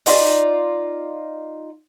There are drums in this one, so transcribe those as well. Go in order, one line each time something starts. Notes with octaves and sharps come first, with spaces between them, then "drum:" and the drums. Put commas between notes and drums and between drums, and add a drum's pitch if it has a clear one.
D#4 F4 D5, drum: open hi-hat